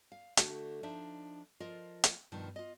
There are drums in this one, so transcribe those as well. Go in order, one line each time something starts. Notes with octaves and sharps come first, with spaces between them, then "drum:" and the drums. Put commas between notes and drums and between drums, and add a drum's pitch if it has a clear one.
F5
D3 A3 F#4, drum: hi-hat
F3 D4 D#4 E5
F3 F4 A#4 D#5
drum: hi-hat
G2 B2 D#3 F3
F4 D#5